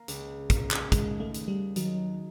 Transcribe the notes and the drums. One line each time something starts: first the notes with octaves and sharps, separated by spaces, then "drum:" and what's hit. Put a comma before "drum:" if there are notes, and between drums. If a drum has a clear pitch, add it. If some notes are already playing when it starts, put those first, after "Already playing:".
Already playing: A#3
C#2, drum: hi-hat
A#3, drum: kick, hi-hat
drum: clap
D#2 G#3, drum: kick, hi-hat
A3
D#2, drum: hi-hat
G3
D#3 F#3, drum: hi-hat